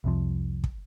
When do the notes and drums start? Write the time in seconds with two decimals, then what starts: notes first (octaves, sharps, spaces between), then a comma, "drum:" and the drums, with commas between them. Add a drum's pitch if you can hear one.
0.04 C2 F2 C3 F3
0.64 drum: kick